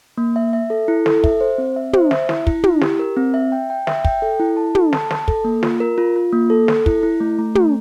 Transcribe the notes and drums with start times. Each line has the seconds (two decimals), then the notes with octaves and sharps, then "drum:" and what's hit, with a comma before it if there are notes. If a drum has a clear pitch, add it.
0.18 A#3
0.36 E5
0.53 E5
0.70 A4
0.88 E4
1.06 A4, drum: snare
1.24 E5, drum: kick
1.41 C5
1.58 C4
1.76 E5
1.93 C5, drum: tom
2.11 E5, drum: snare
2.29 E4, drum: snare
2.47 E4, drum: kick
2.64 E4, drum: tom
2.81 G4, drum: snare
2.99 A#4
3.17 C4
3.34 E5
3.52 G5
3.70 G5
3.87 E5, drum: snare
4.05 G5, drum: kick
4.22 A4
4.39 E4
4.57 A5
4.75 A4, drum: tom
4.93 A5, drum: snare
5.11 A5, drum: snare
5.28 A4, drum: kick
5.44 A#3
5.63 F4, drum: snare
5.80 A#4
5.98 F4
6.16 F4
6.32 A#3
6.50 A4
6.68 A4, drum: snare
6.86 E4, drum: kick
7.03 E4
7.20 A3
7.39 A3
7.55 A3, drum: tom